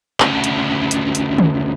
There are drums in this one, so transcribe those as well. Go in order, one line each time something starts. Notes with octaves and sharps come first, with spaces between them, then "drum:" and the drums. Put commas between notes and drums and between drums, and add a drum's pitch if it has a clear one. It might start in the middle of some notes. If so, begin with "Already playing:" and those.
D2 C#3, drum: clap
drum: hi-hat
drum: hi-hat
drum: hi-hat
drum: tom